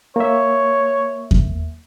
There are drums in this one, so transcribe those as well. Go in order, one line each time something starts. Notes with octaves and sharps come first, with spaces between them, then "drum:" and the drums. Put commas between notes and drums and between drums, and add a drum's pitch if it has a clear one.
A#3 C#5 E5
drum: kick E2